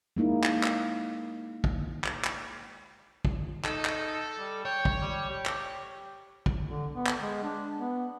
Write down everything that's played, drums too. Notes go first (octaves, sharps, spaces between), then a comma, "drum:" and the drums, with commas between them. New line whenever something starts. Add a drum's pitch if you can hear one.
G#3 A#3 D#4 E4
drum: clap
drum: clap
drum: kick
drum: clap
drum: clap
drum: kick
D#4 A4, drum: clap
drum: clap
G3
C#5 G5
drum: kick
G3
G4
drum: clap
drum: kick
D3
B3
drum: clap
G#3
D4
B3